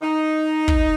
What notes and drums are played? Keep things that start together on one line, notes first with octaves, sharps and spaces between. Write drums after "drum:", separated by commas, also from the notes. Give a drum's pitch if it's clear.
D#4
drum: kick